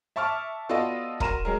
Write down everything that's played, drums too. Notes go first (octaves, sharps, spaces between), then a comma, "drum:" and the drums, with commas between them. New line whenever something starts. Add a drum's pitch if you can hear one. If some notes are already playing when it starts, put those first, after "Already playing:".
E5 A5 C#6 D6 F6
B3 F4 F#4 A4 D5 D#5
F#4 A#4 A#5 C6 D#7 E7, drum: kick
F#3 G#3 A#4